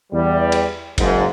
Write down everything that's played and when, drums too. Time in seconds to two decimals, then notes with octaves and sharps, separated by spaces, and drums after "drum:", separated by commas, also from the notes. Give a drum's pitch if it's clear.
0.12 E2 G3
0.52 drum: cymbal
0.98 F#1 G#2, drum: kick F#1, cymbal